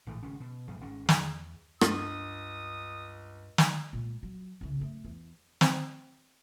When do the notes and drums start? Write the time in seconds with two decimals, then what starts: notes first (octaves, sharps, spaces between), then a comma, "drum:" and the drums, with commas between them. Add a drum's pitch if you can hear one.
0.07 A#1 A2 E3 A3
0.23 G#1 C#3 C#4
0.40 B2
0.67 F#2 B2 F3 G#3
0.81 G#1 G#2 C#4
1.09 E2, drum: snare
1.81 C#2 G2 D4 D#6 F6 A6, drum: rim click
3.58 drum: snare
3.93 A#2 G#3
4.23 F#3
4.61 C2 C#3
4.80 F#2 A3
5.05 E2
5.61 C4, drum: snare